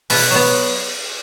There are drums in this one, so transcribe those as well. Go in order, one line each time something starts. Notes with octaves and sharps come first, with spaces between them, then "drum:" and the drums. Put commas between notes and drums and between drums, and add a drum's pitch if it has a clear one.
B2 B4, drum: open hi-hat
F#3 B3